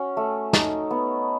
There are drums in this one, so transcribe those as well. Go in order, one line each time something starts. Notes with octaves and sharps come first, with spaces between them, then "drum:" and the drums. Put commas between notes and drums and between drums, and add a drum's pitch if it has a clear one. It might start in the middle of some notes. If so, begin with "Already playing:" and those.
Already playing: C#4 F#4
A3
D#4, drum: snare
B3